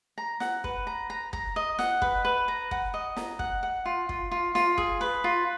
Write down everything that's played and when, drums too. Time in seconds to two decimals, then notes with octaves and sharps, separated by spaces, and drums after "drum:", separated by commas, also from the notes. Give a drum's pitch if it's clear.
0.18 A#5
0.40 F#5, drum: snare
0.64 B4, drum: kick
0.87 A#5
1.10 A#5
1.33 A#5, drum: kick
1.56 D#5
1.79 F#5, drum: snare
2.02 B4, drum: kick
2.25 B4
2.48 A#5
2.71 F#5, drum: kick
2.94 D#5
3.16 A#5, drum: snare
3.39 F#5, drum: kick
3.63 F#5
3.86 F4
4.09 F4, drum: kick
4.31 F4
4.55 F4, drum: snare
4.78 G#4, drum: kick
5.01 B4
5.24 F4